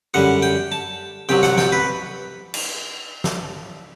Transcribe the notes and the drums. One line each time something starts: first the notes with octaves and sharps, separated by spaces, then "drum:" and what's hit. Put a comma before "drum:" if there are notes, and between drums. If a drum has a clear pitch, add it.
F#2 D3 G3 F#5
G5
A5
C2 C3 F#3 G5
F#5, drum: snare
G5, drum: snare
B4
drum: cymbal
drum: snare